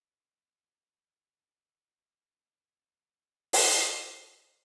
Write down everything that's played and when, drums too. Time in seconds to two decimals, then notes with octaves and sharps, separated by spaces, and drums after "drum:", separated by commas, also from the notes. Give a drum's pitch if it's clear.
0.25 A6
2.24 G#2
2.88 C#5
3.53 drum: open hi-hat
3.89 C#5